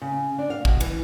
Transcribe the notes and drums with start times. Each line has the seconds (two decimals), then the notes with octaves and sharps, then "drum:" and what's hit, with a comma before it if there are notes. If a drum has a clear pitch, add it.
0.02 C#3
0.38 D4
0.50 F5
0.65 B2, drum: kick
0.81 E3, drum: cymbal